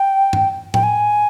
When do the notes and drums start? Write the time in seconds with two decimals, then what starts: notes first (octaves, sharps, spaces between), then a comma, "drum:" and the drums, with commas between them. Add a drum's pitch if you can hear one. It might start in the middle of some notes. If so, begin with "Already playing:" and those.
Already playing: G5
0.33 drum: tom G2
0.74 G5, drum: tom A2
0.83 G#5